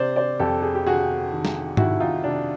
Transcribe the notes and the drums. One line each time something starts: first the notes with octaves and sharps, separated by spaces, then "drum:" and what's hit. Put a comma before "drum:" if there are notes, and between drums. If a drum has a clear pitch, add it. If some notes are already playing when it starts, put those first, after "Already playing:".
Already playing: C3 C5 D5
C5 D5
F2 G4 A4
G#4
G4
C3 F#4 G#4
D#3
drum: snare
D#3 E4 F#4, drum: tom G#2
D#4 F4
C3 D4